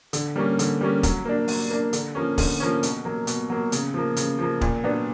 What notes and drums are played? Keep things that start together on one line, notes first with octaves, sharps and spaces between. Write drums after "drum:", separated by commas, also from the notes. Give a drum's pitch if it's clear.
D3, drum: hi-hat
G3 A#3 C#4
D3, drum: hi-hat
G3 A#3 C#4
F#3, drum: kick, hi-hat
A#3 D4
F#3, drum: open hi-hat
A#3 D4
D3, drum: hi-hat
F3 A#3 C#4
D3, drum: kick, open hi-hat
F3 A#3 C#4
B2, drum: hi-hat
F#3 A#3
B2, drum: hi-hat
F#3 A#3
C#3, drum: hi-hat
F3 A#3
C#3, drum: hi-hat
F3 A#3
A#2, drum: kick
F#3 B3 D4